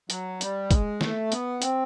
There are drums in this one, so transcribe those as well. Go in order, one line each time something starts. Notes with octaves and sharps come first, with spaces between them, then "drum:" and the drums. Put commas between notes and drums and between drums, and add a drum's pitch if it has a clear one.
F#3, drum: hi-hat
G3, drum: hi-hat
G#3, drum: kick, hi-hat
A3, drum: snare
B3, drum: hi-hat
C4, drum: hi-hat